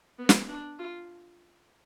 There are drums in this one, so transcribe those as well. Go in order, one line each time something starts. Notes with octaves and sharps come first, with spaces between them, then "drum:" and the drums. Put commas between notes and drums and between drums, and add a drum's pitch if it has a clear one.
B3
drum: snare
D4
F4